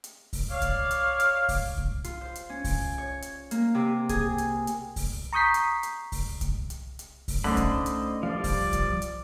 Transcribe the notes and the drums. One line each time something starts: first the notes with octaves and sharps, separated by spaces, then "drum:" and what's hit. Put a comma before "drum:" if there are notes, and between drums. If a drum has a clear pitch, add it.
drum: hi-hat
drum: kick C2, open hi-hat
C#5 D5 F5
drum: kick C2, hi-hat
drum: hi-hat
drum: hi-hat
drum: kick C2, open hi-hat
drum: kick C2
F4, drum: hi-hat
C5
drum: hi-hat
C#4
drum: kick C2, open hi-hat
C#5
drum: hi-hat
A#3, drum: hi-hat
C3
G#4, drum: kick C2, hi-hat
drum: hi-hat
drum: hi-hat
drum: kick C2, open hi-hat
A#5 C#6 D#6 G6 B6 C7
drum: hi-hat
drum: hi-hat
drum: kick C2, open hi-hat
drum: kick C2, hi-hat
drum: hi-hat
drum: hi-hat
drum: kick C2, open hi-hat
D3 A3 C#4 D#4 C5 D#5 B5
drum: kick C2, hi-hat
drum: hi-hat
F3 G3 D5 F5
drum: kick C2, open hi-hat
drum: kick C2, hi-hat
drum: hi-hat